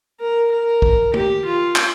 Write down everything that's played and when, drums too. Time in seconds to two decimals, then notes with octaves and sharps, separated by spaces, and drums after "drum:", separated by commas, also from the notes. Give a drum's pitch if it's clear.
0.20 A#4
0.51 A#4
0.82 drum: kick
1.14 G4, drum: tom
1.45 F4
1.76 drum: clap